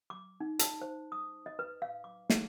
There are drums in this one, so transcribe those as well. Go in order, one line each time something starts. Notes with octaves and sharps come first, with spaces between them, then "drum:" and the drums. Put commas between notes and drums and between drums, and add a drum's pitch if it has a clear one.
D6
D#4
A5, drum: hi-hat
C5
D#6
D#5
B4
F5
D6
G#4, drum: snare